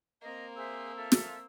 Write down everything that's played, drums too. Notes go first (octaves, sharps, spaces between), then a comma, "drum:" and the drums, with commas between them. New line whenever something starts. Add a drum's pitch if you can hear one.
A#3 C4 D#5 A#5
G#4 C5 E5 E6
F4 A4 E5
drum: snare